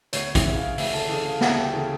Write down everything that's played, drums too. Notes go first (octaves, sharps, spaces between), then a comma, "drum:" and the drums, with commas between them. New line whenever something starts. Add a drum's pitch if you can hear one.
D2 C#5, drum: hi-hat
E5, drum: kick, hi-hat
C#3 E3
F5
D2 E5, drum: open hi-hat
A4
C#3 E3 A4
F5
D2 E5, drum: snare
G4
C#3 E3 A4